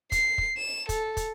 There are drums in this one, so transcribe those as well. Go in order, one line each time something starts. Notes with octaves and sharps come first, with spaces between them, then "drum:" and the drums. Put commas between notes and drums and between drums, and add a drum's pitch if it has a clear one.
C7, drum: kick, hi-hat
drum: kick
E7
A4, drum: kick, hi-hat
drum: kick, hi-hat